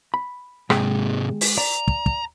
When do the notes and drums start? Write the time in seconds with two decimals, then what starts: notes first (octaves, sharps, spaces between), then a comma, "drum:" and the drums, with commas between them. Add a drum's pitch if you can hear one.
0.14 B5
0.70 G#2 C3 G#3 G#4 G5, drum: rim click
1.41 drum: open hi-hat
1.58 D5 A#5
1.88 drum: kick
2.06 drum: kick